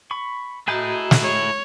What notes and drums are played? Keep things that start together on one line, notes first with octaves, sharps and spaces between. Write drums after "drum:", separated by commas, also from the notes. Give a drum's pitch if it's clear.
B5 C#6
A3 E4 F#4 G#4 D#5 G#5 A#5 G6
drum: snare
C#5